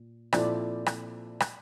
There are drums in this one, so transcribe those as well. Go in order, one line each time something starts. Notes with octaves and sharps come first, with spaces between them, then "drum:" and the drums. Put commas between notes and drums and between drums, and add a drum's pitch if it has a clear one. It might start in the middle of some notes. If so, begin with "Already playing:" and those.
Already playing: A#2
A#2 F3 C4 E4 A4 D5, drum: rim click
drum: rim click
drum: rim click